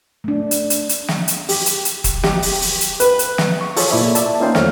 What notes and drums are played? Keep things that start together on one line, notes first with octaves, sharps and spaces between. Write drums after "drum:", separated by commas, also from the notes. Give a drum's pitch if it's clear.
A3 D4
drum: hi-hat
drum: hi-hat
drum: hi-hat
drum: snare
drum: hi-hat
G4, drum: open hi-hat
drum: hi-hat
drum: hi-hat
drum: kick E1, hi-hat
G4, drum: snare
drum: open hi-hat
drum: open hi-hat
drum: hi-hat
B4, drum: hi-hat
drum: hi-hat
drum: snare
C#6
F4 G#4 A4 C5 C#5, drum: open hi-hat
A#2 E4 D5 E5
D5 E5 A5, drum: hi-hat
A#3 C#4 D#4 F4 C5 G5
E2 A3 A4 C#5 F6, drum: snare